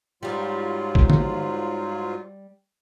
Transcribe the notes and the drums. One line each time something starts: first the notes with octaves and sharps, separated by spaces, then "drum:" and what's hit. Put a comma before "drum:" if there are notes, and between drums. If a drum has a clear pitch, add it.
G#2 F#3 G3 F4 G4
drum: kick G#1
drum: tom